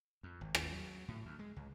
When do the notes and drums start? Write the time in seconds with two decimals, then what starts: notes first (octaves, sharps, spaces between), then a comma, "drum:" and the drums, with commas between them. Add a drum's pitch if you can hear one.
0.23 F2
0.41 G#1
0.55 drum: rim click
0.72 F#3
1.08 A2
1.26 D2
1.39 G#3
1.56 C#2